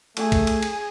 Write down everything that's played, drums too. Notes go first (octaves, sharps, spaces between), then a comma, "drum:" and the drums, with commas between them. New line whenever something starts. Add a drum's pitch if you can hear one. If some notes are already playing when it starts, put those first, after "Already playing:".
A3 G#4, drum: cymbal
drum: kick, cymbal
drum: cymbal
drum: cymbal